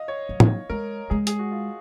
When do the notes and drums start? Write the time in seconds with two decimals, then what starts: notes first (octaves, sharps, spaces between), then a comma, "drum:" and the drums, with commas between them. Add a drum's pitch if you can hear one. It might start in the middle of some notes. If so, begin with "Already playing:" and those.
Already playing: D#5 F5
0.08 C#5
0.29 F#3
0.40 drum: tom A2
0.70 G#3 A#4
1.10 G#3 G#4
1.27 G#4, drum: hi-hat
1.39 F#4
1.52 F4